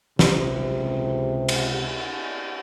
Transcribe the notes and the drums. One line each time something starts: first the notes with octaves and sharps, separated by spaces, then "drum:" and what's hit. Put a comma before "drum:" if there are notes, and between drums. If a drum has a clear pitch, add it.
C#2 C3, drum: snare
drum: cymbal